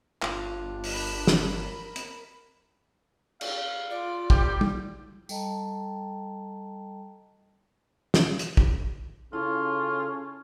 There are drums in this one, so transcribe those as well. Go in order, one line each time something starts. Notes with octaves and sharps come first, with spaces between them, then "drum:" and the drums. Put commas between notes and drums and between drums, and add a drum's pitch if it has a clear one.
G1 D4 F4, drum: clap
drum: open hi-hat
A#4 B5
drum: snare
drum: hi-hat
F5, drum: cymbal
F4 D5
G3 G4 G5, drum: kick
drum: tom
G3 A4 D#5 G5 A5 A#5, drum: tambourine
drum: snare
drum: hi-hat
drum: kick
C#3 C#4 E4 F4 A4